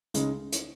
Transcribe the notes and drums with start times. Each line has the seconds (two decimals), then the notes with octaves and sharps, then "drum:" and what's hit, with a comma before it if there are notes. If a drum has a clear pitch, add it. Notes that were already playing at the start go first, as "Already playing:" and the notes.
0.14 C#2 C#3 G#3 D#4, drum: hi-hat
0.52 drum: hi-hat